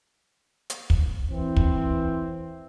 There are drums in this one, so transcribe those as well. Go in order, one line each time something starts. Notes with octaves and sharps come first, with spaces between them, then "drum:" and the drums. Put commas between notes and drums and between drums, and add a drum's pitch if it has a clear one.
drum: hi-hat
drum: kick
E3 C4
drum: kick